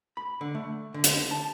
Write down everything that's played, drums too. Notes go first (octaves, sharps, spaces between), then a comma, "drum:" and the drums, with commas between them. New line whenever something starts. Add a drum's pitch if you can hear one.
B5
D3
A3
D3
drum: hi-hat
A5